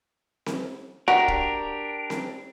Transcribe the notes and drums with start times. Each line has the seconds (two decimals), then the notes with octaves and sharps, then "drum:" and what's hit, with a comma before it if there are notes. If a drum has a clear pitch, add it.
0.46 drum: snare C4
1.08 D4 F#4 G4 A#4
1.28 drum: kick
2.10 drum: snare C4